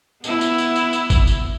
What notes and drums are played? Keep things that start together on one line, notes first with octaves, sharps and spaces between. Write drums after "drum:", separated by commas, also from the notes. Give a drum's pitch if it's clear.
B3 E4, drum: tambourine
drum: tambourine
drum: tambourine
drum: tambourine
drum: tambourine
drum: kick G1, tambourine
drum: tambourine